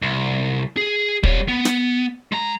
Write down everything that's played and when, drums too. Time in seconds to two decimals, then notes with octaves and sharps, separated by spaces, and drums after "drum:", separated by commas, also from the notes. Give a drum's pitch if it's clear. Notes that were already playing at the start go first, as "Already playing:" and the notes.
0.02 C2
0.77 G#4
1.23 G3 C#5, drum: kick
1.48 B3
1.65 drum: snare
2.32 G#3 A#5